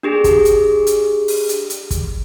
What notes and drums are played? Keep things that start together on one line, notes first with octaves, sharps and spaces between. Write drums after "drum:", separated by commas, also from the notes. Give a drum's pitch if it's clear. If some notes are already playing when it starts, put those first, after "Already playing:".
D4 G4 G#4
drum: kick, hi-hat
drum: hi-hat
drum: hi-hat
drum: open hi-hat
drum: hi-hat
drum: hi-hat
drum: kick, hi-hat